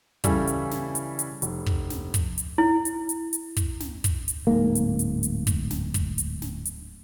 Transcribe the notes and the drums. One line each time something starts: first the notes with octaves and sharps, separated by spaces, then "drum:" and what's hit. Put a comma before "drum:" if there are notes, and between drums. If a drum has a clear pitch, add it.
C#3 E3 G3 C#4 E4 A4, drum: kick, hi-hat
drum: hi-hat
drum: snare
drum: hi-hat
drum: hi-hat
F1, drum: hi-hat
drum: kick
drum: snare
drum: kick, hi-hat
drum: hi-hat
E4
drum: hi-hat
drum: hi-hat
drum: hi-hat
drum: kick, hi-hat
drum: snare
drum: kick, hi-hat
drum: hi-hat
D1 G#2 A#3
drum: hi-hat
drum: hi-hat
drum: hi-hat
drum: kick, hi-hat
drum: snare
drum: kick, hi-hat
drum: hi-hat
drum: snare
drum: hi-hat